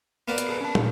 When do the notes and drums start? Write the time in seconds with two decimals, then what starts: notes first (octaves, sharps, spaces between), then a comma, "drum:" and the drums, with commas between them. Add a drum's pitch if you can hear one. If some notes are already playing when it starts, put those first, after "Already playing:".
0.28 A#3 B3 D5
0.38 drum: hi-hat
0.49 G#4 A4 B4
0.61 C#4 A5
0.75 A#2, drum: tom